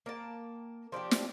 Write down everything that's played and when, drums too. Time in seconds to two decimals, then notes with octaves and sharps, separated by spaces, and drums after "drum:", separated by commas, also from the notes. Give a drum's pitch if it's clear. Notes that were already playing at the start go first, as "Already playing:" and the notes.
0.06 A#3 G5 A5
0.92 F3 C4 D4 G4
1.11 drum: snare